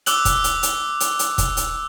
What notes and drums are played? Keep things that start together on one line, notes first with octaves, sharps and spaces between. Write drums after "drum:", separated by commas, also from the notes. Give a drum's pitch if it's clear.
D6 E6 F#6 F#7, drum: hi-hat
drum: kick, hi-hat
drum: hi-hat
drum: hi-hat
drum: hi-hat
drum: hi-hat
drum: kick, hi-hat
drum: hi-hat